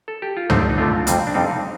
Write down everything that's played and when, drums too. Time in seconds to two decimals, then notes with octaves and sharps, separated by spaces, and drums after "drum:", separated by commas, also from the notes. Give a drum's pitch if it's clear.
0.08 A4
0.22 G4
0.37 F4
0.50 D3 A3 C4 D#4, drum: tom
0.61 D4
0.69 D#4
0.78 D3 A3 C4 F4
1.07 F2 C3 G3 C4, drum: hi-hat
1.27 D4
1.34 F2 C3 G3 C4 D#4
1.49 D#4